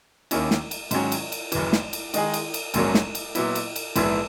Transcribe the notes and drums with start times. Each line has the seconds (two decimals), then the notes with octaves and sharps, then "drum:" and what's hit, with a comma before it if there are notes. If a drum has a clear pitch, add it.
0.31 D#2 D#3 A#3 C#4 E4, drum: cymbal
0.51 drum: snare
0.71 drum: cymbal
0.91 G#2 D#3 F#3 C#4, drum: cymbal
1.12 drum: cymbal
1.32 drum: cymbal
1.52 F#1 F#2 E3, drum: cymbal
1.73 drum: snare
1.93 drum: cymbal
2.14 D#3 G#3 D#4 G#4, drum: cymbal
2.34 drum: cymbal
2.54 drum: cymbal
2.74 A#1 G#2 F#3 A#3 C#4, drum: cymbal
2.94 drum: snare
3.15 drum: cymbal
3.35 A#2 F#3 B3 E4, drum: cymbal
3.55 drum: cymbal
3.76 drum: cymbal
3.96 A#1 G#2 E3 B3 E4, drum: cymbal